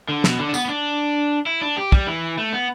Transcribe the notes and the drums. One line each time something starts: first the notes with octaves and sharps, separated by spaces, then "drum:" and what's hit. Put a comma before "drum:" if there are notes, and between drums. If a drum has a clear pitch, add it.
D3
B2, drum: snare
D3
D4
B3, drum: tambourine
B3
D4
E4
D4
G4
G3, drum: kick
E3
A3
B3